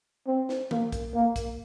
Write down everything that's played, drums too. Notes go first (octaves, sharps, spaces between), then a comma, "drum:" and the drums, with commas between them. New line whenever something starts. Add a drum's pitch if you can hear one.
C4
drum: snare
A#3, drum: tom D#3
drum: kick, hi-hat
A#3
drum: kick, hi-hat